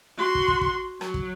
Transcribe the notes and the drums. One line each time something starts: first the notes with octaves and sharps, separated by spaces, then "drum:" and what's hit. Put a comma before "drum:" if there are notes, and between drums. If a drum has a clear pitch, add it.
F#4 C6
drum: kick
drum: kick
drum: kick
F#3, drum: rim click
drum: kick